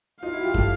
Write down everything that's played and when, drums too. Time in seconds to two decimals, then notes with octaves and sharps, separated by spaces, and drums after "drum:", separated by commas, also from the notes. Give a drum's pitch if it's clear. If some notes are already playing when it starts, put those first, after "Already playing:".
0.23 D#4 F4 F5
0.33 E4 F#4
0.43 F4 G4
0.54 G4 A4, drum: kick